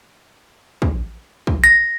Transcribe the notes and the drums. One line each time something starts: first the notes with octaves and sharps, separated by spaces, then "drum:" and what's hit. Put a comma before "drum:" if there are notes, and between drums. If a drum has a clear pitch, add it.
drum: kick
drum: kick
A#6